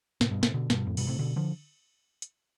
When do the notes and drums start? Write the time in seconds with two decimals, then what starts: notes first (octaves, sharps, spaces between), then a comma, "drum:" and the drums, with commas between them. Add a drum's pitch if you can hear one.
0.21 A2 C3, drum: snare
0.31 G2 B2
0.43 A2 C3, drum: snare
0.54 B2 D3
0.70 G2 B2, drum: snare
0.87 F2 A2
0.97 G2 B2, drum: cymbal
1.08 A2 C3
1.19 B2 D3
1.36 D3 F3
2.22 drum: hi-hat